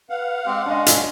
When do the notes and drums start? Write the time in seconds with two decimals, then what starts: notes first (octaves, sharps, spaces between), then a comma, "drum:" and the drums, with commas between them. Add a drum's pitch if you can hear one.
0.10 B4 F5 F#5
0.46 G#3 C4 G4 C6
0.66 G#3 C#4 D4 D#5
0.86 drum: hi-hat